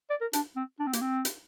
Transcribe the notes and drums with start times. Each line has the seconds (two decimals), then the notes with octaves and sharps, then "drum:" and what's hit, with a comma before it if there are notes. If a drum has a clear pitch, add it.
0.10 D5
0.21 A#4
0.33 D4, drum: hi-hat
0.56 C4
0.79 D4
0.87 C4
0.93 A#3, drum: hi-hat
1.01 C4
1.25 drum: hi-hat